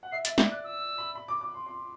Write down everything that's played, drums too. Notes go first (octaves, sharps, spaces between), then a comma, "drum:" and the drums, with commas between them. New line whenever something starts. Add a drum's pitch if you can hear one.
F#5
E5 C7
E5 A6, drum: hi-hat
D5 G6, drum: snare
D5 F#6
E6
B5
B5
D6
D6
C6
C6